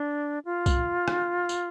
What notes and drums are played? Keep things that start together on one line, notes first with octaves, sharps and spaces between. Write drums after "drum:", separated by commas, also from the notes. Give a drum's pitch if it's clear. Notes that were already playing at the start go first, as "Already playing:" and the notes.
Already playing: D4
F4
drum: kick C2, tambourine
drum: rim click
drum: tambourine